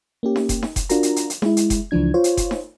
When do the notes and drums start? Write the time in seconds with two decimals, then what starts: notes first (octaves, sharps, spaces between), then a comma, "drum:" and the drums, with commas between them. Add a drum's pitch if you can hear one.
0.23 A#3 C#4 G4
0.36 drum: snare D#4
0.49 drum: kick F1, hi-hat
0.63 drum: snare D#4
0.76 drum: kick F1, hi-hat
0.89 D4 F4 F#4 A#4 A#5, drum: hi-hat
1.03 drum: hi-hat
1.16 drum: hi-hat
1.30 drum: hi-hat
1.42 G#3 E4, drum: snare D#4
1.57 drum: hi-hat
1.70 drum: kick F1, hi-hat
1.91 C#2 E3 F3 D4 G#6
2.14 F4 C5 C#5
2.24 drum: hi-hat
2.37 drum: kick F1, hi-hat
2.51 drum: snare D#4